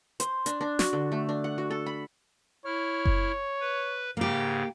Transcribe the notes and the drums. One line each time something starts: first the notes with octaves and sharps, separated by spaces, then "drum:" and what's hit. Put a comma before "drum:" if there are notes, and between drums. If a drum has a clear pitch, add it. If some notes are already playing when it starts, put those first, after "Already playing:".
C5, drum: hi-hat
D4, drum: hi-hat
D4
F#4, drum: snare
D3
A3
D4
F#5
F#4
A4
B5
E4 C#5 F6
drum: kick F#1
B4
G#2 C#3 A#3 G4